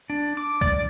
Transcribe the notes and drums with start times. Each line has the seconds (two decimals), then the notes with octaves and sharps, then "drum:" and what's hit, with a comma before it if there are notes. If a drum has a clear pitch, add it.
0.10 D4
0.37 D6
0.61 D5, drum: kick B1